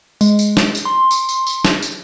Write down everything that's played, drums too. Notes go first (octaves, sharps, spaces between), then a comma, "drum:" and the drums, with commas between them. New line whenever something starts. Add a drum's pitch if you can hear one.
G#3, drum: tambourine
drum: tambourine
drum: snare
drum: tambourine
C6
drum: tambourine
drum: tambourine
drum: tambourine
drum: snare
drum: tambourine